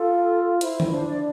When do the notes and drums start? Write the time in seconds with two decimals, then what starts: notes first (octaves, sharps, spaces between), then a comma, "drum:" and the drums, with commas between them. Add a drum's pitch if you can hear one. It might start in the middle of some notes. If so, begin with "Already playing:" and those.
Already playing: F4 A4
0.61 E4 C5, drum: hi-hat
0.80 drum: tom D3
0.92 D4 C5
1.07 D5